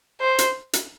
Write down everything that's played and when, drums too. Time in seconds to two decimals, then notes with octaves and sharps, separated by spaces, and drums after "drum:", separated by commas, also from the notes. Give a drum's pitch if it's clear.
0.21 C5
0.39 drum: hi-hat
0.73 drum: hi-hat